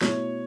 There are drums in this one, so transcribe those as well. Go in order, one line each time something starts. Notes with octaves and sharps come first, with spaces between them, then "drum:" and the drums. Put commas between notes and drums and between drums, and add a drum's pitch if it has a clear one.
B2 A3 E4 C#5, drum: snare